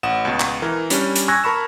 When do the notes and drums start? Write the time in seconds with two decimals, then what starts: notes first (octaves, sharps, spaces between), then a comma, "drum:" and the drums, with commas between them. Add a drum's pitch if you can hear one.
0.03 A1 F#5 D#6 E7
0.25 C#2 B2
0.40 drum: clap
0.62 E3 A#4
0.90 G3 C#4 D4, drum: hi-hat
1.16 drum: hi-hat
1.28 G#5 C#6 E6 F#6 G#6 A#6
1.44 A#4 A5 B5 C#6 E7